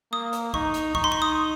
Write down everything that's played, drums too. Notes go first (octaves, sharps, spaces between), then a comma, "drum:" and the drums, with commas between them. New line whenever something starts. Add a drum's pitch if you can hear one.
A#3 D#6
drum: hi-hat
D#4 C#6, drum: kick C2
drum: hi-hat
D#4 C#6, drum: kick C2
C6
C#6
D#6